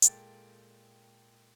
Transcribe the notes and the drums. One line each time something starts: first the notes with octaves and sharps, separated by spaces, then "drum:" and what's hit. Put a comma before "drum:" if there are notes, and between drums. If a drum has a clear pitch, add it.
A#2 G#3 A4 G5 A6, drum: hi-hat